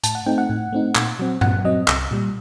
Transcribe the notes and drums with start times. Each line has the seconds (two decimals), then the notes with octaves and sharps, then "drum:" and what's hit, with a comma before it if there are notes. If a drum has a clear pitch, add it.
0.03 A2 A5, drum: hi-hat
0.15 F#5
0.26 A3 C4 D#4 G5
0.38 F#5
0.49 A2
0.73 A3 C4 D#4
0.95 A#2, drum: clap
1.19 F#3 C4
1.41 A#2 F#5, drum: tom G2
1.65 F#3 C4 D#5
1.88 C2, drum: clap
2.11 A#2 G3